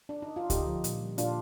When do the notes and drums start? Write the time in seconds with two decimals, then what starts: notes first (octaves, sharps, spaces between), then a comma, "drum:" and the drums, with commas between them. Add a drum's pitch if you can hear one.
0.09 D4
0.22 D#4
0.36 F4
0.50 D3 D#4 G4, drum: kick C#2, hi-hat
0.67 F3
0.84 A#2, drum: hi-hat
1.01 G3
1.18 A#2 D4 F4, drum: hi-hat